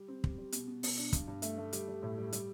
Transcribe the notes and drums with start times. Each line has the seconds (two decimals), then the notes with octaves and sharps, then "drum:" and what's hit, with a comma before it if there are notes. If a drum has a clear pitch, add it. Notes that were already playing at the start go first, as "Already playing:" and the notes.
Already playing: G3
0.08 C4
0.24 G3, drum: kick
0.38 G3
0.52 B2, drum: hi-hat
0.67 B2
0.83 B2, drum: open hi-hat
0.98 D4
1.13 G2, drum: kick, hi-hat
1.28 G2
1.42 A3, drum: hi-hat
1.58 A3
1.73 G3, drum: hi-hat
1.88 G3
2.03 A2
2.18 G3
2.32 G3, drum: hi-hat